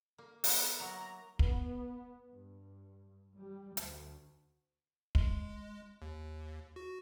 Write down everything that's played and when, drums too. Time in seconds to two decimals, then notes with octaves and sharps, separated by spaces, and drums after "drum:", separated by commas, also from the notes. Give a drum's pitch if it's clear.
0.18 A#3
0.44 B3 D#4 E4 C#7, drum: open hi-hat
0.80 F#3 A#3 A#5
1.39 B3, drum: kick
2.31 G2
3.36 G3
3.77 D2, drum: hi-hat
5.15 G#3, drum: kick
6.02 D#2
6.76 F#4